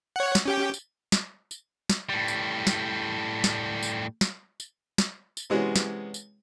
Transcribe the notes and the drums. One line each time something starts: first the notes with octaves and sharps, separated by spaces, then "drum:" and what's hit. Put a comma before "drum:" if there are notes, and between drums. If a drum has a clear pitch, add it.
C#5 F#5
drum: snare
C#4 G4 G5
drum: tambourine
drum: snare
drum: tambourine
drum: snare
A2 G3
drum: tambourine
drum: snare
drum: snare
drum: tambourine
drum: snare
drum: tambourine
drum: snare
drum: tambourine
C3 E3 G#3 B3 C#4 F#4
drum: snare
drum: tambourine